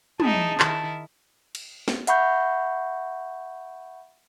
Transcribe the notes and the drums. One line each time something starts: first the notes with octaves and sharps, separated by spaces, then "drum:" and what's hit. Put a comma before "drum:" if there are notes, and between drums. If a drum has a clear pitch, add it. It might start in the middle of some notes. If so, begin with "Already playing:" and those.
D#4 E4 G#4 A5, drum: tom
D#3 E4, drum: clap
drum: cymbal
drum: snare
E5 F#5 B5 C#6 G6, drum: hi-hat